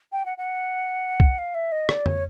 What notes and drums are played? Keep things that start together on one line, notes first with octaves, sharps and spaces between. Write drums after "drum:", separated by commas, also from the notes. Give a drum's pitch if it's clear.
G5
F#5
F#5
drum: kick
F5
E5
D#5
D5, drum: rim click
C#5, drum: tom F2